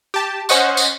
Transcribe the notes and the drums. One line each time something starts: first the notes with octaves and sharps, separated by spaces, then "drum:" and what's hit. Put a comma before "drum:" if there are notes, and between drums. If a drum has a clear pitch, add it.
G4 A5
C#4 C5 D#5 F#5 C#6, drum: tambourine
drum: tambourine